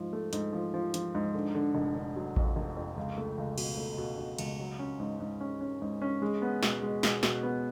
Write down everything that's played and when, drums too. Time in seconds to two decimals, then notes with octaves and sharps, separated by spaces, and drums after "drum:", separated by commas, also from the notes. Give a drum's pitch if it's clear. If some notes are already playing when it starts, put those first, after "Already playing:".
Already playing: G#2 F3
0.13 A3
0.33 G#2, drum: hi-hat
0.53 F3
0.74 F3
0.94 F3, drum: hi-hat
1.15 G#2
1.34 D3
1.55 D3
1.75 F1
1.96 D3
2.16 F#3
2.36 F2, drum: kick A1
2.56 F1
2.77 F2
2.97 C#2
3.18 A3
3.38 C#2
3.58 B2, drum: cymbal
3.77 A3
3.98 B2
4.18 B2
4.39 C#2, drum: cymbal
4.60 F#3
4.79 C#4
5.00 G#2
5.20 G#2
5.41 C#4
5.61 C#4
5.82 G#2
6.02 C#4
6.22 G#3
6.42 B3
6.63 B2, drum: snare
6.82 G#3
7.03 B2, drum: snare
7.23 B2, drum: snare
7.43 B3